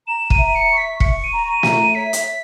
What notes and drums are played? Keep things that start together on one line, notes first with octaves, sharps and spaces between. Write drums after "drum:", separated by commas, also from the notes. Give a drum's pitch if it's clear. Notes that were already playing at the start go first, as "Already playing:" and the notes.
A#5 E7
D#7, drum: kick
E5
D#7
C#7
C#6
B6
C#6 C#7, drum: kick
D#7
A#5
D#7
E5, drum: snare
D#7
C#5 B6
drum: hi-hat
E5